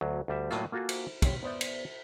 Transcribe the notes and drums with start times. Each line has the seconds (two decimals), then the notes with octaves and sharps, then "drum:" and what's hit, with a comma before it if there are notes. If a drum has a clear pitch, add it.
0.01 D2 F#3
0.28 D2 G3 E5
0.51 A2 F#3 A#3 F4, drum: rim click
0.72 A#3 F4 F#4 A4 G#5
0.89 drum: cymbal
1.22 G4 C#5, drum: kick, cymbal
1.43 B3 C5 D5 E5
1.61 drum: cymbal